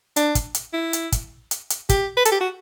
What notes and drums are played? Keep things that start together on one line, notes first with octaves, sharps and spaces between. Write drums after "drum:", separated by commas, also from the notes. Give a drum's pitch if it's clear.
D4, drum: hi-hat
drum: kick, hi-hat
drum: hi-hat
E4
drum: hi-hat
drum: kick, hi-hat
drum: hi-hat
drum: hi-hat
G4, drum: kick, hi-hat
B4
A4, drum: hi-hat
G4
F#4